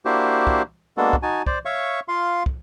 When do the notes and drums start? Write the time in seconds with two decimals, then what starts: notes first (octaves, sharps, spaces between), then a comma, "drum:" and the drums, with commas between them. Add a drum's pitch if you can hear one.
0.05 A#3 D4 E4 F#4 G4 C5
0.47 drum: kick
0.97 G#3 A#3 B3 D4 F#4 A4
1.13 drum: kick
1.23 D#4 F#4 G#5 A5
1.46 C5 D5, drum: kick
1.65 C#5 E5 F5 C#6
2.08 F4 F5 C6
2.46 drum: kick